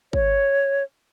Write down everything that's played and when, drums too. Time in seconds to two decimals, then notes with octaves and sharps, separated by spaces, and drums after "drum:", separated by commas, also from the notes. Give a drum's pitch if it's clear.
0.13 C#5, drum: kick